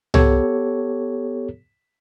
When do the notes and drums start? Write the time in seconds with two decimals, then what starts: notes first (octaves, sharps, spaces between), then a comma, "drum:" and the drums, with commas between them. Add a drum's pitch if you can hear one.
0.14 B3 G4 A4 C#5, drum: tom C2